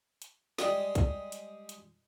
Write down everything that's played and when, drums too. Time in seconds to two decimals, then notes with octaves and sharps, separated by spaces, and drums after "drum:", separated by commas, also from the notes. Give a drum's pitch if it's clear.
0.22 drum: hi-hat
0.58 G3 G#3 G4 G#4 D5, drum: snare
0.95 drum: kick, hi-hat
1.32 drum: hi-hat
1.69 drum: hi-hat